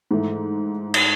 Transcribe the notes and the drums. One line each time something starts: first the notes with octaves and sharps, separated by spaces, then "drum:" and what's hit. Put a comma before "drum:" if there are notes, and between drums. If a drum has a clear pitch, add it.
G#2 E3 A3
drum: cymbal